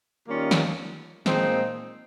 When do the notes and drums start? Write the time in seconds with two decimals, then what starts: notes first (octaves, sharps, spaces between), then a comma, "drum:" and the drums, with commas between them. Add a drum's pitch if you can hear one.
0.27 D#3 G3 A#3 C#4 F4
0.51 drum: snare
1.26 A#2 F3 G#3 C4 D#4, drum: snare